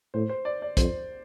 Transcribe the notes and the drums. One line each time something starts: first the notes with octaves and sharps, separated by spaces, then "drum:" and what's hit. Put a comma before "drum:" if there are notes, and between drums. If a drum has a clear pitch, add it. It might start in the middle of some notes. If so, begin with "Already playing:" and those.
A2 C5
C5
D5
D5
F2 C5, drum: kick, hi-hat